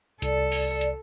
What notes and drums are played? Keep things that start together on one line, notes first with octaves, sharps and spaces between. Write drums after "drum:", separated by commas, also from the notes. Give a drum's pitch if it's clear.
C2 A4 D5, drum: hi-hat
drum: open hi-hat
drum: hi-hat